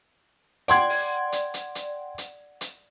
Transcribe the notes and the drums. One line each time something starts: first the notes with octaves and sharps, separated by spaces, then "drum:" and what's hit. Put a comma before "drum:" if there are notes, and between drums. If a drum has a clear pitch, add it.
D5 F#5 G5 C6 G#6, drum: hi-hat
drum: open hi-hat
drum: hi-hat
drum: hi-hat
drum: hi-hat
drum: hi-hat
drum: hi-hat